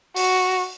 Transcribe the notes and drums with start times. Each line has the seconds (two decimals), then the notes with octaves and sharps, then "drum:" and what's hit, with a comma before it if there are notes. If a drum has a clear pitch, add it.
0.16 F#4, drum: open hi-hat